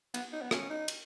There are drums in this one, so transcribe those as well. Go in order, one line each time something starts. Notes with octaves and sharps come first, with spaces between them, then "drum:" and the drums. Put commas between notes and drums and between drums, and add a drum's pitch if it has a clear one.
B3, drum: cymbal
D#4
B3
C#4, drum: rim click
D#4
drum: cymbal